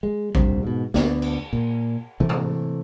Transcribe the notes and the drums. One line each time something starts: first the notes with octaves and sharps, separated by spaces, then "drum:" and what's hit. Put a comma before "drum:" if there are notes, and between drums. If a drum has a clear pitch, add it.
G#3
D#1 C2 G2 C3, drum: kick A1
G#2 B2
D2 B3, drum: snare A#4
drum: cymbal
A#2
C3 E3 A3
drum: tom G#2